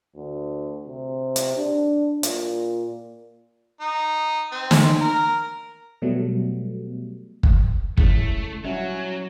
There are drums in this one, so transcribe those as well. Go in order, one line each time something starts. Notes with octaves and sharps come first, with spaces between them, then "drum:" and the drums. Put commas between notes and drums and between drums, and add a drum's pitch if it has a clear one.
D2
C3
drum: hi-hat
D4
A#2, drum: hi-hat
D#4
C4
drum: snare
A#4
B2 F#3 G3 A3 B3
drum: kick
A#2 C#3 G#3 A3 E4, drum: kick
F#3 G3 C#4 F#4 E5